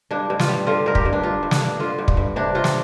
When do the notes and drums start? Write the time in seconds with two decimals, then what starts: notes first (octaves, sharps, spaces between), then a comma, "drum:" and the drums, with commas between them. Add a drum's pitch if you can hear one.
0.11 G2 D4
0.30 G2
0.40 F4, drum: snare
0.48 G3
0.67 D3 F4
0.86 G2 A#4
0.95 G4, drum: kick
1.05 G2
1.13 D4
1.23 G2 F4
1.43 G2
1.51 D4, drum: snare
1.61 A#3
1.80 D3 F4
1.99 G2
2.08 drum: kick
2.17 G2
2.36 C3 D4
2.55 C3 F4
2.64 drum: snare